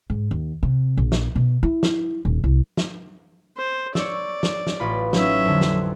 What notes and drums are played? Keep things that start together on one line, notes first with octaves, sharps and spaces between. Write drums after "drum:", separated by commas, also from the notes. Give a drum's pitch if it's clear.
G#2
D#2
C3
A#1
drum: snare
B2
E4
drum: snare
D#1
C2
drum: snare
C5
C#5 D5 E6, drum: snare
drum: snare
drum: snare
A1 F4 B5
F#3 C#4 D#4 E5, drum: snare
F2 D3
drum: snare